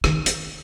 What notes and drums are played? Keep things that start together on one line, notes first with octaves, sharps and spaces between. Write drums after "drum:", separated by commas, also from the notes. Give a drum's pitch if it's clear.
D#3, drum: rim click
drum: hi-hat